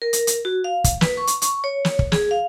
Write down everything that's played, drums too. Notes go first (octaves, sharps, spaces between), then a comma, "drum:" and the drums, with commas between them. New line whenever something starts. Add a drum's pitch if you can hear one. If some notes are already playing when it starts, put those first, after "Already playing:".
A#4
drum: hi-hat
drum: hi-hat
F#4
F5
drum: kick, hi-hat
B4, drum: snare
C#6
drum: hi-hat
C#6, drum: hi-hat
C#5
drum: snare
drum: kick
G#4, drum: snare
F5